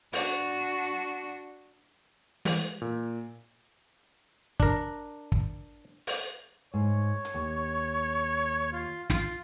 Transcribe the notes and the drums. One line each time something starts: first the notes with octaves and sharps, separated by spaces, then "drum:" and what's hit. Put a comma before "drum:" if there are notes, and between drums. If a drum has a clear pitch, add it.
D4 F#4, drum: open hi-hat
E3 G3 G#3, drum: open hi-hat
A#2
D4 A#4, drum: kick
drum: kick
drum: open hi-hat
G#2 C#5
drum: hi-hat
D#2
F4
F4, drum: snare